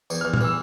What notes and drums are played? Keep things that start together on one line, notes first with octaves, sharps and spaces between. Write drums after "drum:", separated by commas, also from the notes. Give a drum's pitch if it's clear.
E2, drum: tambourine
F6
E2
F6, drum: tom A#2
E3 E6